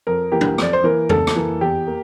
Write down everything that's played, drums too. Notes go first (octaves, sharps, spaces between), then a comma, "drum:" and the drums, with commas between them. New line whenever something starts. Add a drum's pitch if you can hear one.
F2 A#4
E3 A#3 G4
drum: tom
F2 D5, drum: rim click
C5
E3 A#3 A#4
E2 A4, drum: tom F2
drum: rim click
E3 A#3
E2 G4
A#3